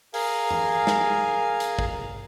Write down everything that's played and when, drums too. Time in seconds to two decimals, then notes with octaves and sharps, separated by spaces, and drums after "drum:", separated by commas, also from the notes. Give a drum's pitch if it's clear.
0.14 G#4 A#4 F5 G#5, drum: open hi-hat
0.50 drum: tom F#2
0.87 drum: snare
1.60 drum: hi-hat
1.79 drum: kick